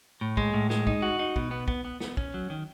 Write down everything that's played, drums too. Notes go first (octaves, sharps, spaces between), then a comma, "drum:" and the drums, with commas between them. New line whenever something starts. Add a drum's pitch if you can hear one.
A2
G#3, drum: kick
A2
G#3, drum: snare
D#4, drum: kick
F#4
D#4
B2, drum: kick
B3
B3, drum: kick
B3
B3, drum: snare
C#4, drum: kick
F#3
D#3